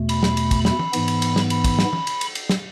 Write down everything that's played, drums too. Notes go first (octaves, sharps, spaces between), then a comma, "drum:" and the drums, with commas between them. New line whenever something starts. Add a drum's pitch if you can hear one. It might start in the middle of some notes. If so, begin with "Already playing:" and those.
Already playing: E2 B2 A3
B5, drum: cymbal
drum: snare
drum: cymbal
drum: kick, cymbal
B5, drum: snare
drum: tom
G#2 E3 B3, drum: cymbal
drum: cymbal
drum: cymbal
drum: snare
B5, drum: cymbal
drum: kick, cymbal
drum: snare
drum: tom
drum: cymbal
drum: cymbal
drum: cymbal
drum: snare